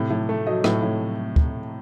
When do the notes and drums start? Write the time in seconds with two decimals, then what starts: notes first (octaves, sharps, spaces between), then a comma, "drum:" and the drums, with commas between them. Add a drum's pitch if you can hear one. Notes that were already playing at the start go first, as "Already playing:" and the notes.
Already playing: A2 C3
0.10 A2
0.29 A3
0.47 F#3 D#5
0.64 A2, drum: rim click
0.82 A2
1.36 drum: kick